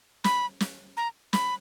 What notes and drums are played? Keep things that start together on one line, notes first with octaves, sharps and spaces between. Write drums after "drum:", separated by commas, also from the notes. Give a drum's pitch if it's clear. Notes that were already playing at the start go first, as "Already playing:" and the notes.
B5, drum: snare
drum: snare
A#5
B5, drum: snare